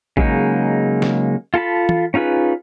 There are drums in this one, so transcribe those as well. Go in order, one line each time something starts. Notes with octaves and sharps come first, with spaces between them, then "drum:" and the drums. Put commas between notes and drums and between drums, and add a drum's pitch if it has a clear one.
C#3 F#3 G#3 A#3 D#4, drum: kick A1
drum: snare
F4 A4 A5 B5
drum: tom E3
C#4 D#4 F4 G#4 B4